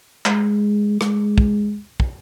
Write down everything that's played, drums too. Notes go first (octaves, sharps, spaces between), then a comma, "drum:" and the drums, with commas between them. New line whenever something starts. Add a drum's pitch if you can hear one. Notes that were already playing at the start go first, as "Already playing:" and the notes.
G#3, drum: clap
G#3, drum: rim click
drum: kick
drum: kick